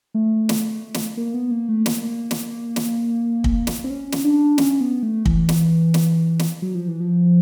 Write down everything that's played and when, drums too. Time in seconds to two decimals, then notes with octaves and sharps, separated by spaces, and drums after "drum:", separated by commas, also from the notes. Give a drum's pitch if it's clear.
0.14 A3
0.49 drum: snare
0.94 drum: snare
1.17 A#3
1.34 B3
1.51 A#3
1.69 A3
1.86 A#3, drum: snare
2.31 drum: snare
2.76 drum: snare
3.44 drum: kick
3.67 drum: snare
3.84 C4
3.90 C#4
4.12 drum: snare
4.24 D4
4.58 C#4, drum: snare
4.81 B3
5.03 A3
5.26 E3, drum: kick
5.49 drum: snare
5.94 drum: snare
6.39 drum: snare
6.62 F#3
6.75 F3
6.88 E3
7.00 F3